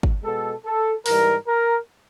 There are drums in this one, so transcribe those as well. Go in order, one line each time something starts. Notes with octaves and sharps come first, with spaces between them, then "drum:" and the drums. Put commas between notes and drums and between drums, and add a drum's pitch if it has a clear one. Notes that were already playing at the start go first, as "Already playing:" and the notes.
drum: kick
B2 G#3 A4
A4
G#2 E3 G3 A#4, drum: open hi-hat
A#4